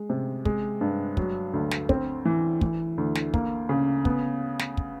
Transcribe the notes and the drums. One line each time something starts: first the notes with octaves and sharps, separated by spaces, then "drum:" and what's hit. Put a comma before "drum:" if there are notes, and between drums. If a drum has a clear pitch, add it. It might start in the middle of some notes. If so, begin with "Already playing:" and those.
Already playing: G#3
C3
G#3, drum: kick
G2
F#3, drum: kick
D2
drum: snare
C4, drum: kick
E3
E3, drum: kick
D2
drum: snare
A#3, drum: kick
C#3
B3, drum: kick
drum: snare
drum: kick